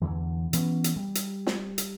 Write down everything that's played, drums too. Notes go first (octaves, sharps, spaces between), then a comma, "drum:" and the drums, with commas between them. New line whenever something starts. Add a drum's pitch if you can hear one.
E2 D3 E3
E3 B3 C#4, drum: hi-hat
drum: hi-hat
G3
drum: hi-hat
drum: snare
drum: hi-hat